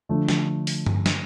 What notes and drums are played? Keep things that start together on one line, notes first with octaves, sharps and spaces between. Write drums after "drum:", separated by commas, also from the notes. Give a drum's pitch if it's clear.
D3 F3 A3
drum: snare
drum: open hi-hat
drum: tom G2
drum: snare